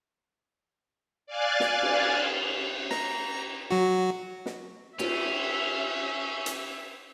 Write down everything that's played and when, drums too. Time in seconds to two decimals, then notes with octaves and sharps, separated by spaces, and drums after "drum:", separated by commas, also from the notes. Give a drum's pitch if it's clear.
1.27 D5 F5 G#5 F#6 A6
1.60 drum: snare
1.82 drum: cymbal
2.91 A#5, drum: snare
3.71 F#3 F#4
4.46 drum: snare
4.99 C#4 F4 G4 E5 G5, drum: cymbal
6.46 drum: hi-hat